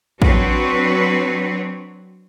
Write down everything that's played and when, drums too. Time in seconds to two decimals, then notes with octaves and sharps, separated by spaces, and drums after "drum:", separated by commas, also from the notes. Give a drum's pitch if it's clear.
0.22 F#3 C4 D4 F#4 B4 C#5, drum: kick